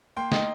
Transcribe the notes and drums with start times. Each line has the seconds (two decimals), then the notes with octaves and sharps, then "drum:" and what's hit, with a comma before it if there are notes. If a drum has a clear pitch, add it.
0.16 A#3 G5 C6
0.32 D#4 D#5 G5, drum: snare